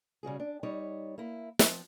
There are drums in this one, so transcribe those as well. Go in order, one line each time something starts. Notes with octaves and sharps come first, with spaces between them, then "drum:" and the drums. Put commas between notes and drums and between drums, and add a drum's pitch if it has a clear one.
C#3 G3 F#4 G#4
D4
G3 D#4 C#5
A#3 E4
F3 C4, drum: snare